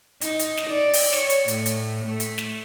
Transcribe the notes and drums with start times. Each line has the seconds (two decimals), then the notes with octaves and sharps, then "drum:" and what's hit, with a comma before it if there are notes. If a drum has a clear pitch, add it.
0.21 D#4, drum: hi-hat
0.39 drum: hi-hat
0.57 drum: snare
0.70 D5
0.93 drum: open hi-hat
1.13 C#5, drum: snare
1.30 drum: hi-hat
1.48 A2, drum: hi-hat
1.66 drum: hi-hat
2.05 A3
2.20 drum: hi-hat
2.38 drum: snare